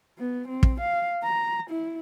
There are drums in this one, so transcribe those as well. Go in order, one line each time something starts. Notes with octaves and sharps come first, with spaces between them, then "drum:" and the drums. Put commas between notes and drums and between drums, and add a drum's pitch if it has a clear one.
B3
C4
drum: kick
F5
A#5
E4